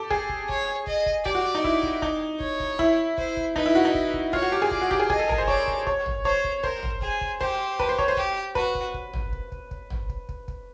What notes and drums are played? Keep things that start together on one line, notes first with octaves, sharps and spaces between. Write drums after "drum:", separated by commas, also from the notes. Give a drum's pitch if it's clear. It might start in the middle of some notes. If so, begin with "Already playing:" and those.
Already playing: G4 A4
G#4, drum: kick
drum: kick
C#5, drum: kick
D#5, drum: kick
drum: kick
G4 D5, drum: kick
F#4
D#4
E4, drum: kick
drum: kick
D#4, drum: kick
C#5, drum: kick
drum: kick
E4, drum: kick
C5, drum: kick
drum: kick
D#4 B4, drum: kick
E4
F#4
D#4
drum: kick
drum: kick
F4 C#5, drum: kick
F#4
G4
G#4
D5, drum: kick
F#4
G4, drum: kick
G#4
G#4 D#5, drum: kick
A4
A#4, drum: tom
C5
C#5 D5, drum: kick
drum: kick
C#5, drum: kick
drum: tom
C5 C#5, drum: kick
drum: kick
A#4 C5, drum: kick
drum: tom
G#4, drum: kick
drum: kick
G4 C5, drum: kick
B4, drum: kick
C5
C#5, drum: kick
C5
G4, drum: kick
F#4 B4, drum: kick
drum: kick
drum: kick
drum: tom
drum: kick
drum: kick
drum: kick
drum: tom
drum: kick
drum: kick
drum: kick